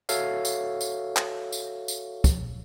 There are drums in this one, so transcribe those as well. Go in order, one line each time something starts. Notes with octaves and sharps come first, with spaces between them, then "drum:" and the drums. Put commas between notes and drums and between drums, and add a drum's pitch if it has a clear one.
F#4 A4 C#5 E5 F5, drum: tambourine
drum: tambourine
drum: tambourine
drum: clap
drum: tambourine
drum: tambourine
drum: kick, tambourine